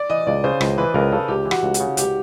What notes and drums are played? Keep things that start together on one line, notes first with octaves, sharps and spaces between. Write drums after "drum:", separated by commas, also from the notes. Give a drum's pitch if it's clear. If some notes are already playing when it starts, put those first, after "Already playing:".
Already playing: D5
E3 D#5
C#2 D5
C#3 C5
C#2, drum: rim click
E3 B4
C#2 A#4
C#3 A4
C#2 G4
E3
F#4, drum: rim click
C#2
F#4, drum: hi-hat
C#3
C#2 G4, drum: hi-hat